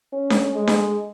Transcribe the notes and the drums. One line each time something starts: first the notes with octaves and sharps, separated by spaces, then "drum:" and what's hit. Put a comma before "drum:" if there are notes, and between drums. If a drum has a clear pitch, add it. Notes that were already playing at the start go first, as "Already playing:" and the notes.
C#4
drum: snare D4
G#3
drum: snare D4